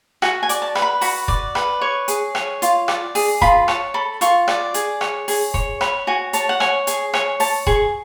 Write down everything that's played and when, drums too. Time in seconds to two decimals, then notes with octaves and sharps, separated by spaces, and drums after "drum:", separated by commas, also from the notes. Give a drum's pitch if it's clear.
0.22 F#4 G#5, drum: rim click
0.43 G#5
0.49 D5, drum: hi-hat
0.62 A5
0.75 B4, drum: rim click
0.82 B5
1.01 F#4 B5, drum: open hi-hat
1.28 D5, drum: kick
1.55 B4, drum: rim click
1.81 C#5 C#6
2.08 G#4, drum: hi-hat
2.35 C#5, drum: rim click
2.62 F4, drum: hi-hat
2.88 D5, drum: rim click
3.15 G#4, drum: open hi-hat
3.41 F4 B5, drum: kick
3.68 C#5 A5, drum: rim click
3.94 A4 B5
4.21 F4 C#6, drum: hi-hat
4.48 D5, drum: rim click
4.74 G#4, drum: hi-hat
5.01 C#5, drum: rim click
5.28 G#4, drum: open hi-hat
5.54 C#5, drum: kick
5.81 C#5 B5, drum: rim click
6.07 F#4 G#5
6.33 C#5 A5, drum: hi-hat
6.49 F#5
6.60 C#5 G#5, drum: rim click
6.87 G#4 G#5, drum: hi-hat
7.13 C#5 G#5, drum: rim click
7.40 C#5 A5, drum: open hi-hat
7.67 G#4 C#6, drum: kick